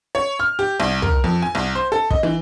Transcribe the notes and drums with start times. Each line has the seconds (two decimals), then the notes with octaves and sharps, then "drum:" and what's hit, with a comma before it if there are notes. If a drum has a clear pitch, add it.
0.15 C#5
0.40 F6
0.59 G4
0.80 C2
1.02 A#4, drum: tom
1.24 F2
1.42 G#5
1.55 C2
1.75 C5
1.92 A4
2.11 D#5, drum: kick
2.23 E3